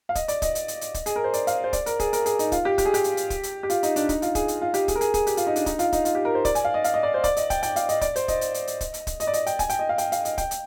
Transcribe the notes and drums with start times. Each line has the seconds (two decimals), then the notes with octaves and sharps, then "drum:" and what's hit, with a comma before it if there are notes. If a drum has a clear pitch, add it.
0.09 F5
0.15 D#5, drum: kick, hi-hat
0.28 D5, drum: hi-hat
0.42 D#5, drum: kick, hi-hat
0.55 drum: hi-hat
0.68 drum: hi-hat
0.81 drum: hi-hat
0.94 drum: kick, hi-hat
1.06 G#4, drum: hi-hat
1.16 A#4
1.24 C5
1.34 D5, drum: hi-hat
1.47 F5, drum: hi-hat
1.64 C5
1.73 D5, drum: kick, hi-hat
1.86 A#4, drum: hi-hat
2.00 G#4, drum: kick, hi-hat
2.13 A#4, drum: hi-hat
2.26 G#4, drum: hi-hat
2.39 D#4, drum: hi-hat
2.52 F4, drum: kick, hi-hat
2.65 G4
2.78 G4, drum: kick, hi-hat
2.85 G#4
2.94 G4, drum: hi-hat
3.04 drum: hi-hat
3.17 drum: hi-hat
3.30 drum: kick, hi-hat
3.43 drum: hi-hat
3.63 G4
3.70 F4, drum: hi-hat
3.83 D#4, drum: hi-hat
3.96 D4, drum: hi-hat
4.09 D#4, drum: kick, hi-hat
4.22 F4, drum: hi-hat
4.35 G#4, drum: kick, hi-hat
4.48 drum: hi-hat
4.62 F4
4.74 G4, drum: hi-hat
4.88 G#4, drum: kick, hi-hat
4.96 A#4
5.01 G#4, drum: hi-hat
5.14 G#4, drum: kick, hi-hat
5.27 G4, drum: hi-hat
5.37 F4, drum: hi-hat
5.47 D#4
5.56 D4, drum: hi-hat
5.66 D#4, drum: kick, hi-hat
5.79 F4, drum: hi-hat
5.93 D#4, drum: kick, hi-hat
6.05 F4, drum: hi-hat
6.15 G4
6.25 A#4
6.35 C5
6.45 D5, drum: kick, hi-hat
6.55 G#5, drum: hi-hat
6.64 F5
6.74 D#5
6.84 F5, drum: hi-hat
6.94 D#5
7.03 D5
7.14 C5
7.24 D5, drum: kick, hi-hat
7.37 D#5, drum: hi-hat
7.50 G5, drum: kick, hi-hat
7.63 G5, drum: hi-hat
7.76 F5, drum: hi-hat
7.89 D#5, drum: hi-hat
8.01 D5, drum: kick, hi-hat
8.16 C5, drum: hi-hat
8.28 D#5, drum: kick, hi-hat
8.41 drum: hi-hat
8.54 drum: hi-hat
8.67 drum: hi-hat
8.81 drum: kick, hi-hat
8.94 drum: hi-hat
9.07 drum: kick, hi-hat
9.20 D#5, drum: hi-hat
9.27 D5
9.33 D#5, drum: hi-hat
9.46 G5, drum: hi-hat
9.59 G#5, drum: kick, hi-hat
9.69 G5, drum: hi-hat
9.79 D#5
9.89 F5
9.98 G5, drum: hi-hat
10.12 F5, drum: hi-hat
10.25 D#5, drum: hi-hat
10.38 G5, drum: kick, hi-hat
10.51 drum: hi-hat